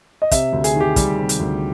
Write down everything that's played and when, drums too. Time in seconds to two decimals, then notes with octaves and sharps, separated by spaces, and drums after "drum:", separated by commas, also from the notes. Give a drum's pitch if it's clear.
0.22 D#5
0.31 C3 E5, drum: kick, hi-hat
0.53 D2
0.64 G#4, drum: hi-hat
0.75 D#3 G4
0.96 G3, drum: kick, hi-hat
1.18 C3
1.29 drum: hi-hat
1.40 D2